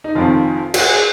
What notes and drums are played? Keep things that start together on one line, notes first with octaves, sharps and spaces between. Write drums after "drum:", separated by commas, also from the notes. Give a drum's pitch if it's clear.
D#4
F1 F2 D#3 F4
F#4, drum: cymbal
G#4